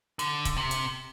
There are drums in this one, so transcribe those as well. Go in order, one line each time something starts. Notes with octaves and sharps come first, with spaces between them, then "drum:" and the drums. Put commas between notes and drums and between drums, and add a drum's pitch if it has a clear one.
D3, drum: hi-hat
drum: kick C#1, hi-hat
C3
drum: hi-hat